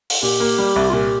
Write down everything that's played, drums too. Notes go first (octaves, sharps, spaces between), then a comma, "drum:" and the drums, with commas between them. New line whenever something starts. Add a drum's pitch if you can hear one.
drum: open hi-hat
A#2 G4
A#3
G3
C2
F4
A#2 G4